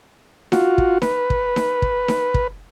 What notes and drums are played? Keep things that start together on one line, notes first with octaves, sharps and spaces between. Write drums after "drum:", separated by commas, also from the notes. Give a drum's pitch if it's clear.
F4 F#4, drum: snare D#4
drum: kick
B4, drum: snare D#4
drum: kick
drum: snare D#4
drum: kick
drum: snare D#4
drum: kick